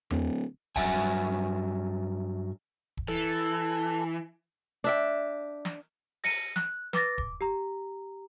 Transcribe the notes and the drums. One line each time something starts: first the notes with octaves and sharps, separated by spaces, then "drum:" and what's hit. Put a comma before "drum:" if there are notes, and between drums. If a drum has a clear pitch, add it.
D1, drum: tom E2
G2 F#3 E5 F#5 G#5, drum: kick
drum: kick
E3 A4
D4 E5 G5
drum: snare
A#6 C#7 D#7, drum: open hi-hat
F#6, drum: snare
B4 D6 A6 A#6, drum: snare
D6, drum: kick
G4 A#5